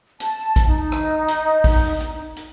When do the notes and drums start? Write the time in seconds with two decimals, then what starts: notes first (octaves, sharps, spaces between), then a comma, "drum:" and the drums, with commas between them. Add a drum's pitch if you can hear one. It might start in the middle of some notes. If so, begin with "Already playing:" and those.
0.20 A5, drum: hi-hat
0.56 drum: kick A1, hi-hat
0.66 D#4
0.92 drum: rim click
1.28 drum: hi-hat
1.64 drum: kick A1, open hi-hat
2.00 drum: hi-hat
2.36 drum: hi-hat